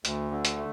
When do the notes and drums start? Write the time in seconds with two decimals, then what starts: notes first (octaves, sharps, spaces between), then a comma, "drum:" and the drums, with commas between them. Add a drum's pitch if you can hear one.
0.05 D2, drum: hi-hat
0.31 D3
0.45 drum: hi-hat
0.57 A3